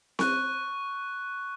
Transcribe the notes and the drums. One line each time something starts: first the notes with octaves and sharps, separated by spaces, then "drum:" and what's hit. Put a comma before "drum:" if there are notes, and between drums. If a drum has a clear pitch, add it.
C#6 F#6, drum: snare C4